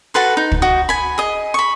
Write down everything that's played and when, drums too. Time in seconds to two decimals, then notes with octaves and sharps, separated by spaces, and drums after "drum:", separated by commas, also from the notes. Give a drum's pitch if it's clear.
0.14 F#4 A4 B4 C6
0.37 D#4
0.52 drum: kick
0.62 F#4 D#5
0.89 G#5 B5
1.18 G#4 D#5
1.54 B5 C#6